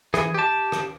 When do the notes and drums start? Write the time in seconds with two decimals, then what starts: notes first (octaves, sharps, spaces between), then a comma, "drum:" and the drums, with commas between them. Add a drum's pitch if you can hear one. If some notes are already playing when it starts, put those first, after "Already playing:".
0.14 E3 G#4, drum: rim click
0.34 G4 A5
0.72 drum: rim click